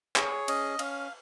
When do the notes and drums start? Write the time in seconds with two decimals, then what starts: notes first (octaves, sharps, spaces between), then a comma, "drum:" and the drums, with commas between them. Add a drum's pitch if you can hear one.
0.16 G#4 C#5, drum: clap
0.48 C#4 D#5, drum: cymbal
0.79 C#4 F5, drum: cymbal